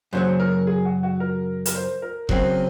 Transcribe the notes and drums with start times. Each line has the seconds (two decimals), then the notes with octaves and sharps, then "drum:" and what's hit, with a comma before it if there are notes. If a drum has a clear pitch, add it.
0.13 F#2 C#3 F#3 C5
0.40 A#4
0.67 G#4
0.85 F#4
1.03 F#4
1.20 A#4
1.66 A#4, drum: hi-hat
1.75 C5
2.02 A#4
2.29 C#3 F#3 C4, drum: kick E1